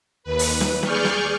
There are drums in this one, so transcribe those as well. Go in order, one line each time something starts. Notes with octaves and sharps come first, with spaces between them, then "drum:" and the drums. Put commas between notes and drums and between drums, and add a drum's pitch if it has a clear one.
D#2 B4
drum: open hi-hat
drum: snare
G#4 D5 C#6 F6 G6, drum: snare
drum: snare